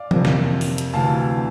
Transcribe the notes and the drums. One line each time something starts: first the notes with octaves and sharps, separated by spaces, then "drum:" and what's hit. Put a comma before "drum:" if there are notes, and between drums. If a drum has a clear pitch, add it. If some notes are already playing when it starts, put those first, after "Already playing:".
Already playing: D5 F5
F2 C3 F3 A#3, drum: tom E3
drum: snare
drum: open hi-hat
drum: hi-hat
D2 C3 E3 F5 A5